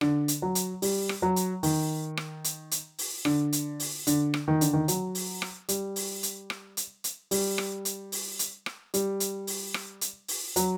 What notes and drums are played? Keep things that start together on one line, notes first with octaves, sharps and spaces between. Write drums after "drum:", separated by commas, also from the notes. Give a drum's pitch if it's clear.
D3, drum: rim click
drum: hi-hat
F#3
drum: hi-hat
G3, drum: open hi-hat
drum: rim click
F#3
drum: hi-hat
D#3, drum: open hi-hat
drum: rim click
drum: hi-hat
drum: hi-hat
drum: open hi-hat
D3, drum: rim click
drum: hi-hat
drum: open hi-hat
D3, drum: hi-hat
drum: rim click
D#3
D3, drum: hi-hat
D#3
F#3, drum: hi-hat
drum: open hi-hat
drum: rim click
G3, drum: hi-hat
drum: open hi-hat
drum: hi-hat
drum: rim click
drum: hi-hat
drum: hi-hat
G3, drum: open hi-hat
drum: rim click
drum: hi-hat
drum: open hi-hat
drum: hi-hat
drum: rim click
G3, drum: hi-hat
drum: hi-hat
drum: open hi-hat
drum: rim click
drum: hi-hat
drum: open hi-hat
F#3, drum: hi-hat